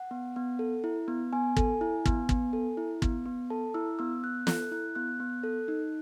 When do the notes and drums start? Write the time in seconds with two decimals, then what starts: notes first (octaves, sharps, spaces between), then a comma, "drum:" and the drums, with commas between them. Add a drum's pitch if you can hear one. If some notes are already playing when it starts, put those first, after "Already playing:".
Already playing: F#5
0.11 B3
0.36 B3
0.59 A4
0.84 E4
1.08 B3
1.33 B3 G#5
1.57 A4, drum: kick
1.81 E4
2.06 B3, drum: kick
2.29 B3, drum: kick
2.53 A4
2.77 E4
3.02 B3, drum: kick
3.26 B3
3.50 A4 A5
3.74 E4 E6
3.99 B3 E6
4.24 B3 F#6
4.47 A4 F#6, drum: snare
4.72 E4 F#6
4.95 B3 F#6
5.20 B3
5.44 A4
5.68 D#4